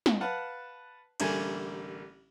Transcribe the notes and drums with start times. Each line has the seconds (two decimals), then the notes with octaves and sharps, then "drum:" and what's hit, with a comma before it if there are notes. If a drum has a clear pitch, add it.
0.06 drum: snare
0.21 B4 F5 F#5 A5
1.20 A1 D3 G3 A#3 G#5, drum: cymbal